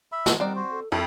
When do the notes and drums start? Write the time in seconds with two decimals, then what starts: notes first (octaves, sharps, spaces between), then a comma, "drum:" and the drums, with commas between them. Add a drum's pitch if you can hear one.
0.12 E5 B5
0.26 G#3 F#4 A4, drum: snare
0.40 G3 C4 D#4 A#4 D5 F#5
0.56 F#4 C5
0.71 A4
0.92 F2 D#4 A4 A#4 C#5 E5